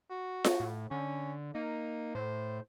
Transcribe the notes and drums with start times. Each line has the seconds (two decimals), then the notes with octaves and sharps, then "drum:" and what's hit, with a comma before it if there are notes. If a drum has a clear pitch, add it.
0.10 F#4
0.44 drum: snare F4
0.60 A2
0.91 D3 C#4
1.55 A#3 D#4
2.15 A2 C5